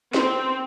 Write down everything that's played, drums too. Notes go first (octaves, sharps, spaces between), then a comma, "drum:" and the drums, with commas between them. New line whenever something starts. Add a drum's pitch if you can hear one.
C4, drum: snare